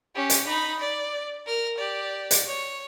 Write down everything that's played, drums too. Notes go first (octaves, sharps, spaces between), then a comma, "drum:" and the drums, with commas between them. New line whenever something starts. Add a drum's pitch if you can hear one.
C#4 G4
drum: hi-hat
D#4 B5
D5
A#4 F6
G4 D5
drum: hi-hat
C#5